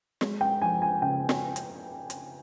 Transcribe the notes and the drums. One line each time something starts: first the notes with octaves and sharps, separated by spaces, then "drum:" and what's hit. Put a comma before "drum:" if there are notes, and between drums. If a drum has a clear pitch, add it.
G#3, drum: snare
G5
F3 G#5
G#5
C#3 G5
drum: snare
drum: hi-hat
drum: hi-hat